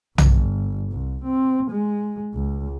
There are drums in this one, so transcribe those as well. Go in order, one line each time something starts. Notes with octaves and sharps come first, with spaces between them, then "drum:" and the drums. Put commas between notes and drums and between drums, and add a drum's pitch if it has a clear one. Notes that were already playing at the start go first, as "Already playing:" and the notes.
G1, drum: tom B1
C2
C4
G#3
C#2